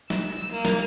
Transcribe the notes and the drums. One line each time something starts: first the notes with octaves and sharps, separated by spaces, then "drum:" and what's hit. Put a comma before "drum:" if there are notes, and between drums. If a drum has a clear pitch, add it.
E6, drum: snare
A#3
drum: snare